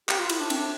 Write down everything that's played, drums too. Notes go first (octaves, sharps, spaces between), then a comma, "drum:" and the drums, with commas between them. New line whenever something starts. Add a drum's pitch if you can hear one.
G4, drum: clap
F4
E4, drum: cymbal
D4
C4, drum: cymbal
D4